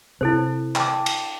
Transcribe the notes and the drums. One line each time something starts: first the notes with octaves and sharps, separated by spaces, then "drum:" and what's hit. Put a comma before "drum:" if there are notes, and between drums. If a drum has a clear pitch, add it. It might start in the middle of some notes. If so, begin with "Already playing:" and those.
C3 C4 E4 A4 C5
G5 A5 D6, drum: clap
drum: cymbal